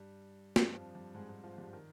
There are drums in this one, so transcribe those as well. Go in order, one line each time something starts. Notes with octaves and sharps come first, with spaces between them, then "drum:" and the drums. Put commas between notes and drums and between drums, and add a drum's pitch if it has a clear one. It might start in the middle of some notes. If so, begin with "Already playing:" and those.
Already playing: G2 G3
G2 G3, drum: snare
F2 F3
G2 G3
G#2 G#3
G#2 G#3
F3 F4
G2 G3
D#3